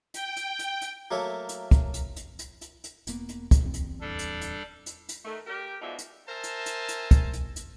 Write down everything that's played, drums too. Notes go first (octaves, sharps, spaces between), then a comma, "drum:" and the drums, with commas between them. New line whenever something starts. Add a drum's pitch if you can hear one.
G5, drum: hi-hat
drum: hi-hat
drum: hi-hat
drum: hi-hat
F#3 A3 A#3 C#5 E5
drum: hi-hat
drum: kick, hi-hat
drum: hi-hat
drum: hi-hat
drum: hi-hat
drum: hi-hat
drum: hi-hat
E1 A#3 B3, drum: hi-hat
drum: hi-hat
drum: kick, hi-hat
D1 E2 C4
drum: hi-hat
G3 D4 A4
drum: hi-hat
drum: hi-hat
drum: hi-hat
drum: hi-hat
D#3 A3
G4 A#4
G#2 B2 D4 D#4 F4 E5
drum: hi-hat
A#4 C5 E5 G#5 A5
drum: hi-hat
drum: hi-hat
drum: hi-hat
drum: kick, hi-hat
drum: hi-hat
drum: hi-hat